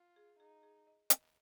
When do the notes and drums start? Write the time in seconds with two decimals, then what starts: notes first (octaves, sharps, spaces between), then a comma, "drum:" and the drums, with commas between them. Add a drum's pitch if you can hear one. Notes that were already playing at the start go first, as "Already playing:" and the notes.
Already playing: F4
0.16 G#4
0.40 D#4 G#4
0.63 G#4
0.87 D#5
1.10 D#5, drum: hi-hat